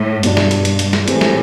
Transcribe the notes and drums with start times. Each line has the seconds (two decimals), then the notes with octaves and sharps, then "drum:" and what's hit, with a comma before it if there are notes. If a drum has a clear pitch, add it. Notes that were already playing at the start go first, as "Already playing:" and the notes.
Already playing: A2
0.23 G2 B2 G3 D4, drum: hi-hat
0.37 drum: snare
0.51 drum: hi-hat
0.65 drum: hi-hat
0.79 drum: hi-hat
0.93 drum: snare
1.08 A2 E3 A3 C4 G4, drum: hi-hat
1.21 drum: snare